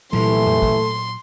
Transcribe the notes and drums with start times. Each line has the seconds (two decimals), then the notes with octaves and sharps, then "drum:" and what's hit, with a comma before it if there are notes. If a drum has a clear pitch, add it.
0.13 C2 A#2 E3 F#3 A3 C6, drum: cymbal
0.46 drum: tom F2
0.62 drum: kick